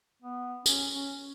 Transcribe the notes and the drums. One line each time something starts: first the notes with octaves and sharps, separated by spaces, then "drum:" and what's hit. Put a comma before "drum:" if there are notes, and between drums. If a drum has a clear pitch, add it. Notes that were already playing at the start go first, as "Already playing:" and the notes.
B3
C#4, drum: tambourine
C#4